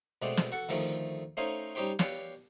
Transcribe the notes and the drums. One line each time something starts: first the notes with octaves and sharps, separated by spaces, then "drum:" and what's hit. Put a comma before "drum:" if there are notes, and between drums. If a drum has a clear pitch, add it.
B2 G#3 A3 C4 D5
drum: snare
F#4 A4 F#5
D2 D#3 F3 A3, drum: open hi-hat
A3 C#4 D#4 C5 F5 G#5
G3 C#4 D#4 G4 C5 G5
G4 B4 C#5 D5 F5, drum: snare